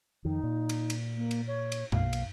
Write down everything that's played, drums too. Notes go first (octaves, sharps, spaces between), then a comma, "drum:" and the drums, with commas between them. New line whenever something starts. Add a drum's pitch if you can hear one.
F2 D#3 D#4
A#2
drum: cymbal
drum: cymbal
A#3
drum: cymbal
C#5
drum: cymbal
B1 B2 A#3 F5, drum: tom F#2
drum: cymbal